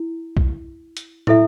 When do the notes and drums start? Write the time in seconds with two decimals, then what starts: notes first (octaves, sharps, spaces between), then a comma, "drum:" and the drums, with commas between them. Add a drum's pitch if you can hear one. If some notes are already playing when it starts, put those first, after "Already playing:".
Already playing: E4
0.37 drum: kick B1
0.97 drum: hi-hat
1.27 E4 A4 E5, drum: tom